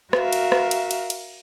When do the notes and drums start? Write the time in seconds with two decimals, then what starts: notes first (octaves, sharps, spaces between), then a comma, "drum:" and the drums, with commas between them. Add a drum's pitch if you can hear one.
0.13 F#4 A#4 E5 F5, drum: rim click
0.33 drum: cymbal
0.52 drum: rim click
0.71 drum: cymbal
0.91 drum: cymbal
1.10 drum: cymbal